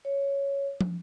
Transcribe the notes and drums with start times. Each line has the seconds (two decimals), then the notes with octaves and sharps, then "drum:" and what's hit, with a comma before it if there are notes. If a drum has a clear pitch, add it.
0.05 C#5
0.81 drum: tom